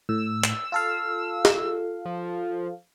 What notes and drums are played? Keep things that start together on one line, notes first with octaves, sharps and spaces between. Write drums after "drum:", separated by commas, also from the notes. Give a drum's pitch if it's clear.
A2 E6
drum: clap
F4 A4 F5
drum: snare
F3